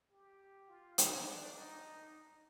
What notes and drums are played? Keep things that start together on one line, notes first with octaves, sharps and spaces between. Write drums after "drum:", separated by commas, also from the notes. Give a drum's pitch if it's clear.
G4
F4
D#4, drum: hi-hat
D4
D#4